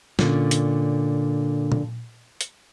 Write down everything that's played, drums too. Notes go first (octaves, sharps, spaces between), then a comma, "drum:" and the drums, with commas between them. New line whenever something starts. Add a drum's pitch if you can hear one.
A#2 D3 C#4, drum: snare
drum: hi-hat
drum: tom A#2
drum: hi-hat